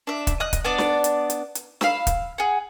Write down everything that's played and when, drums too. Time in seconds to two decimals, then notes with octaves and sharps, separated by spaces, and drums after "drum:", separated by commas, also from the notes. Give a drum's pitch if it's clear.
0.07 D4 E5
0.27 drum: kick, hi-hat
0.40 D#5 D#6 F#6
0.53 drum: kick, hi-hat
0.64 B3 D4 D5
0.78 drum: snare
1.04 drum: hi-hat
1.30 drum: hi-hat
1.55 drum: hi-hat
1.81 F5 B5 E6, drum: snare
2.07 drum: kick, hi-hat
2.38 G#4 F#5